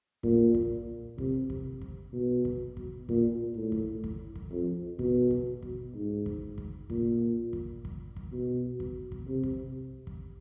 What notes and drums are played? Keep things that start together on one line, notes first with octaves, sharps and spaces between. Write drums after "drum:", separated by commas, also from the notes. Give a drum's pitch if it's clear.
A#2, drum: kick
drum: kick
C3, drum: kick
drum: kick
drum: kick
B2
drum: kick
drum: kick
A#2, drum: kick
A2
drum: kick
drum: kick
drum: kick
F2
B2, drum: kick
drum: kick
drum: kick
G#2
drum: kick
drum: kick
A#2, drum: kick
drum: kick
drum: kick
drum: kick
B2
drum: kick
drum: kick
C3
drum: kick
drum: kick